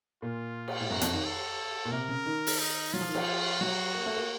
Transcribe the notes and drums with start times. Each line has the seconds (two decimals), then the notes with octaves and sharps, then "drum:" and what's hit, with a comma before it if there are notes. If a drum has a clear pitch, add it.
0.22 A#2 F4
0.68 drum: cymbal
0.81 A2
0.90 F#2 F#4
1.01 F2, drum: hi-hat
1.13 D#3
1.24 A4
1.85 A#2
1.92 C3 A#4
2.09 C#3
2.26 D#3
2.47 drum: open hi-hat
2.59 D#4
2.93 F#3 F4
3.01 F3
3.08 D#3
3.15 F3, drum: cymbal
3.61 F#3 F#4
3.95 A#3
4.06 A3
4.16 A#3